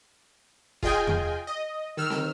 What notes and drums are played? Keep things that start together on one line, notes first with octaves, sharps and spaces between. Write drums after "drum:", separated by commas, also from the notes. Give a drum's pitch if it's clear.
F4 G#4 D#5 G5 G#5, drum: kick E1
drum: tom E2
D#5
D#3 E6 F6
drum: snare